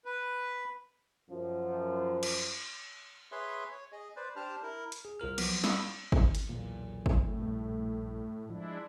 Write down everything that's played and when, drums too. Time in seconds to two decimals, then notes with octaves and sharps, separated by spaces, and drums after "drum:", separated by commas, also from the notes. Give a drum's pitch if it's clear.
0.05 B4
1.29 F#2 F3
2.23 drum: cymbal
3.32 G#4 B4 C#5 E5 C6
3.71 C#5
3.92 G#4 D#5
4.16 B4 C5 D5
4.36 D4 G4 C5 A5 F6
4.63 E4 A#4
4.92 drum: hi-hat
5.05 G#4
5.20 C2 F4 A#4 F6
5.38 F3 F#3 B3, drum: cymbal
5.64 F5 B5 C#6 D#6 E6, drum: snare
6.12 drum: kick
6.35 drum: hi-hat
6.49 B1 E2 A#2
7.06 A2, drum: kick
7.38 A#1 G2 A3
8.50 F3 G#3 D4 E4